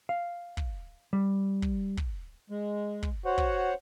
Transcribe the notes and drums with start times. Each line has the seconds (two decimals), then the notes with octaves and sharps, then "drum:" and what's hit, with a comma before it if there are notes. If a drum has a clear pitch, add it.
0.09 F5
0.57 drum: kick
1.13 G3
1.62 drum: kick
1.97 drum: kick
2.50 G#3
3.03 drum: kick
3.25 F#4 C5 C#5 F#5
3.38 drum: kick